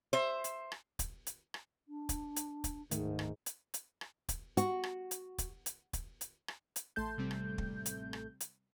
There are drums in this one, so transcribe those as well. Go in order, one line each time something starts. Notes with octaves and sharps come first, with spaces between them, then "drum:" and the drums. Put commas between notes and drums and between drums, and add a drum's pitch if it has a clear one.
C5 E5
drum: hi-hat
drum: rim click
drum: kick, hi-hat
drum: hi-hat
drum: rim click
D4
drum: kick, hi-hat
drum: hi-hat
drum: kick, hi-hat
D1 G#2 D#3 A3, drum: hi-hat
drum: rim click
drum: hi-hat
drum: hi-hat
drum: rim click
drum: kick, hi-hat
F#4, drum: hi-hat
drum: rim click
drum: hi-hat
drum: kick, hi-hat
drum: hi-hat
drum: kick, hi-hat
drum: hi-hat
drum: rim click
drum: hi-hat
A1 A3 A5 C6 G6
C3 G3 C4
drum: rim click
drum: kick
drum: hi-hat
drum: rim click
drum: hi-hat